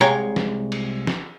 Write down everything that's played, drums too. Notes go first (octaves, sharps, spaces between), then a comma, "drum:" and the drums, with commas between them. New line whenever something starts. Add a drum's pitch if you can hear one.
C2 G#3 C#5 F5 G5 A#5
drum: snare
drum: cymbal
drum: snare